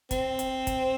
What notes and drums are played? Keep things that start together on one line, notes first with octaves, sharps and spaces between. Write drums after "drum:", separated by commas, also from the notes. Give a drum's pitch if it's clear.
C4, drum: kick, hi-hat
drum: hi-hat
drum: kick, hi-hat